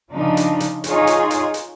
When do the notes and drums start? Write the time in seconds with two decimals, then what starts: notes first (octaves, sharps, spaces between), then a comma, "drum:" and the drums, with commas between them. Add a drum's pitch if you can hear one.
0.10 C#3 F3 D4 D#4
0.37 drum: hi-hat
0.60 drum: hi-hat
0.84 D#4 F4 G#4 C#5, drum: hi-hat
1.07 drum: hi-hat
1.30 drum: hi-hat
1.54 drum: hi-hat